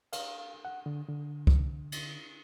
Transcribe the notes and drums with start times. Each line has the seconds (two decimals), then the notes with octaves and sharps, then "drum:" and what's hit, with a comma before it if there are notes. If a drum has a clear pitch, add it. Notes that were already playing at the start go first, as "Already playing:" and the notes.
0.13 F5, drum: cymbal
0.65 F#5
0.86 D3
1.09 D3
1.47 drum: kick
1.92 drum: cymbal